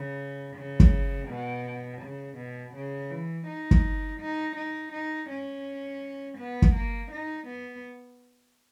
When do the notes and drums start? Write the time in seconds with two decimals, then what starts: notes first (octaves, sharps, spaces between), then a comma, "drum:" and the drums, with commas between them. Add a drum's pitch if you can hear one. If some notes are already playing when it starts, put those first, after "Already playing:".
Already playing: C#3
0.56 C#3
0.80 drum: kick
1.28 B2
2.01 C#3
2.37 B2
2.74 C#3
3.10 E3
3.47 D#4
3.71 drum: kick
4.20 D#4
4.56 D#4
4.92 D#4
5.29 C#4
6.37 B3
6.62 drum: kick
6.74 A#3
7.11 D#4
7.47 B3